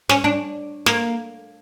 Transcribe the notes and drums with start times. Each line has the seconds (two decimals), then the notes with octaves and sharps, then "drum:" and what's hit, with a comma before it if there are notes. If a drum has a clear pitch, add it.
0.09 C#4, drum: snare
0.24 D4
0.86 A#3, drum: snare